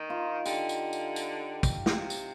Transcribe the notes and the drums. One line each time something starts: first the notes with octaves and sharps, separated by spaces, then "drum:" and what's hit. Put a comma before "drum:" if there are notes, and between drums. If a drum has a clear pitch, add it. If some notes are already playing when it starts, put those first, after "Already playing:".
Already playing: D#3 D#4
F4
D3 G4, drum: tambourine
drum: tambourine
drum: tambourine
drum: tambourine
drum: kick, tambourine
C3, drum: snare
drum: tambourine